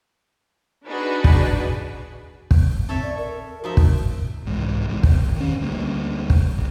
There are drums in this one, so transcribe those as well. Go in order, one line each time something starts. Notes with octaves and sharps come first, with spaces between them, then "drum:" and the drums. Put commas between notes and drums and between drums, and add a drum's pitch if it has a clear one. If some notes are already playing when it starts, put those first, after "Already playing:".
D4 D#4 F#4 G#4 B4
drum: kick
drum: kick
C4 A4 C#5 E5
D5
A#4
F3 D#4 F#4 E5
drum: kick
C2 G#2 E3
A#1 G#2 E3
C2, drum: kick
D#3 C#4
D2 G3 A#3
drum: kick
C2